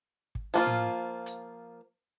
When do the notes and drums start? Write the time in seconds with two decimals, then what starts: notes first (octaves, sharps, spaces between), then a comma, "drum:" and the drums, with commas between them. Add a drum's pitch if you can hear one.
0.35 drum: kick
0.54 F3 A#3 F4
0.67 drum: tom A2
1.26 drum: hi-hat